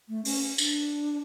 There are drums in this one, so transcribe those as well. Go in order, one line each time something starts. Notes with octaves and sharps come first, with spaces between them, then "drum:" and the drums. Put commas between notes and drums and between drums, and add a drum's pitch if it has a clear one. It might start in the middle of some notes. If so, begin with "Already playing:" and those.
A3
C#4, drum: open hi-hat
D4, drum: tambourine